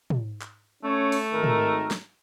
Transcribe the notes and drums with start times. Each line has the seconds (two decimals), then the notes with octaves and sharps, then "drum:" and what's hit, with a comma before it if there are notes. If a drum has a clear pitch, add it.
0.10 drum: tom
0.42 drum: clap
0.84 A3 C#4 C#5
1.12 drum: open hi-hat
1.33 G#1 D#3 A#4
1.44 drum: tom
1.91 drum: snare